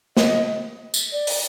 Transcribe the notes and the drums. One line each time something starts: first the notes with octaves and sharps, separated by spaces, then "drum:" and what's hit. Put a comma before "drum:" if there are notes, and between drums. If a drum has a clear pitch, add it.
D#5, drum: snare
drum: tambourine
D5
drum: open hi-hat